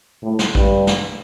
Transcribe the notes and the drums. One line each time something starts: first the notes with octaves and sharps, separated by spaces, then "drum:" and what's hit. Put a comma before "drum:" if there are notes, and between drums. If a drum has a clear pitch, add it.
A2
drum: snare
G2, drum: kick
drum: snare